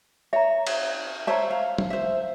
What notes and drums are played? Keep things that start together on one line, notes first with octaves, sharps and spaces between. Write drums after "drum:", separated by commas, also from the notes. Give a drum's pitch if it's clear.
C#5 E5 A#5
drum: cymbal
C5 C#5 E5 A5 A#5
F5
drum: tom
C5 E5